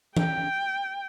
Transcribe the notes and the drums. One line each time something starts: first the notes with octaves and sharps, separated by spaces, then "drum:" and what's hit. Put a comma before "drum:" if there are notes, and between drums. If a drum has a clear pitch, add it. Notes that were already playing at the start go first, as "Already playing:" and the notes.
G5, drum: tom E3